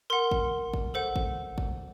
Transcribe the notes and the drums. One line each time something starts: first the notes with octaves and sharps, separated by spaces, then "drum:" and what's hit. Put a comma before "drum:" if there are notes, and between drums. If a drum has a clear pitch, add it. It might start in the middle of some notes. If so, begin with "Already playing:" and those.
A#4 F#5 C6
drum: kick
drum: kick
A4 C5 F#5
drum: kick
drum: kick